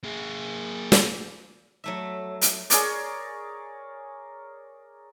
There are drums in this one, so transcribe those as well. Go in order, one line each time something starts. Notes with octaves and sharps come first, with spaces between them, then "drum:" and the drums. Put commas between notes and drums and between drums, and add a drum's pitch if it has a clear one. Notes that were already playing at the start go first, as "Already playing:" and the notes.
A#3 G#4
drum: snare
F#3 A3 E5
drum: hi-hat
G#4 A#4 C#5 D5, drum: hi-hat